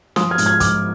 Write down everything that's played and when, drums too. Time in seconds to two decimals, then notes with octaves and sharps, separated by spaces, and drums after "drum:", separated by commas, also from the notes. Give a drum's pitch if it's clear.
0.16 F3 C6 D#6, drum: snare
0.31 F6 G#6
0.38 G#2, drum: hi-hat
0.46 F6 G#6
0.60 F3 D6 F6, drum: kick, hi-hat